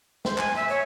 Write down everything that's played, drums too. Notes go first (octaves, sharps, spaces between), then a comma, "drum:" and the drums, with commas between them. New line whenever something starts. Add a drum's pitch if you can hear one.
C5, drum: snare
G#5, drum: clap
E5
C#5